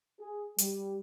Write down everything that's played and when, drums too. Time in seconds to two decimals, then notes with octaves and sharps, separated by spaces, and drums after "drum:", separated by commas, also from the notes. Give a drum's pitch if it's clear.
0.20 G#4
0.58 G3, drum: hi-hat